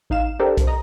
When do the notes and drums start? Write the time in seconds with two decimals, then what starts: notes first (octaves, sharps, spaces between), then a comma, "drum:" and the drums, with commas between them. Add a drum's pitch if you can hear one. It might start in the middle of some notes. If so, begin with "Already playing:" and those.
0.10 A1 D#4 F5 E7
0.39 D4 G4 A4 A#4 C5
0.57 drum: kick B1, hi-hat
0.67 D#5 A#5